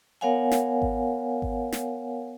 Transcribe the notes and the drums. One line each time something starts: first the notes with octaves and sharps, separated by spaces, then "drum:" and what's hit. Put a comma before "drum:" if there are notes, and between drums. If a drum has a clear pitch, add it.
B3 A#4 C#5 F5 F#5 G#5
drum: snare
drum: kick G#1
drum: kick G#1
drum: snare